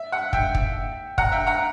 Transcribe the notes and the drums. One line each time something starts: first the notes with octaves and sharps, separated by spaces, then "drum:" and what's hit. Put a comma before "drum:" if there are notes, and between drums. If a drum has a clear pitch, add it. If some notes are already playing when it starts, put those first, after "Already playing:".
Already playing: E5
F#5
E5 G5, drum: kick
drum: kick
F#5 A#5, drum: kick
E5 G5
F#5 A#5